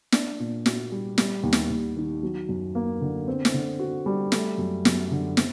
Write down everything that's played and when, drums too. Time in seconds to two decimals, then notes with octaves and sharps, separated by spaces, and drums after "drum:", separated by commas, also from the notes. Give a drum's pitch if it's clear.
0.12 D4, drum: snare
0.39 A#2
0.66 F#4, drum: snare
0.92 G3
1.18 G3, drum: snare
1.43 D#2
1.53 drum: snare
1.70 D#2
1.96 D#3
2.23 F#3
2.49 F#2
2.75 A#3
3.01 D3
3.28 C4
3.45 drum: snare
3.54 D3
3.79 F#4
4.06 G3
4.32 A3, drum: snare
4.58 F#2
4.85 F#2, drum: snare
5.11 D3
5.37 C4, drum: snare